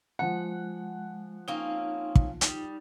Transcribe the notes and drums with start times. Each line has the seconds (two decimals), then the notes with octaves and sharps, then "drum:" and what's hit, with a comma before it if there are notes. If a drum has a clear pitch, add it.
0.19 F3 G#3 F#5
1.48 A#3 C4 C#4 D#4
2.15 drum: kick
2.41 G3 D#4, drum: hi-hat